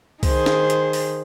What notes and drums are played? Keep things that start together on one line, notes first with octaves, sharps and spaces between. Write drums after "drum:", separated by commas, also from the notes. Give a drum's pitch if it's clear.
D#3 G#4 C5, drum: kick C2, open hi-hat
drum: snare
drum: hi-hat
drum: open hi-hat